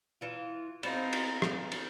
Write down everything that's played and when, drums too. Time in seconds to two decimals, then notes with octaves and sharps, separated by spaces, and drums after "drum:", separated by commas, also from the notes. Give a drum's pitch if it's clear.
0.21 E3 F4
0.83 B3 C4 D#4 C5 F5, drum: cymbal
1.13 drum: cymbal
1.42 drum: rim click
1.72 drum: cymbal